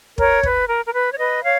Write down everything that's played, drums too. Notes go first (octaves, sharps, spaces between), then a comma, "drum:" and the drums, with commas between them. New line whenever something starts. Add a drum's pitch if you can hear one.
A#4 C#5, drum: kick
B4, drum: kick
A#4
A#4
B4
C#5
B4 D#5
C#5 F5